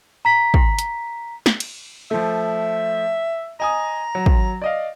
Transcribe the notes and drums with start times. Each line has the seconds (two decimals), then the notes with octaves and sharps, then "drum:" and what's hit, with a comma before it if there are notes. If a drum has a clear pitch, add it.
0.25 A#5 B6
0.54 drum: kick
0.79 drum: hi-hat
1.46 drum: snare
1.60 drum: cymbal
2.11 F3 A3 E5
3.60 D#5 G#5 A#5 D#6
4.15 F#3
4.26 drum: kick
4.62 D5 D#5 F5